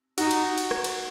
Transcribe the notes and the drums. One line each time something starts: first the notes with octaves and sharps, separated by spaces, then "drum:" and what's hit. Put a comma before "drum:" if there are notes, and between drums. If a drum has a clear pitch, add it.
D#4 F#4, drum: cymbal
drum: cymbal
drum: cymbal
drum: rim click
drum: cymbal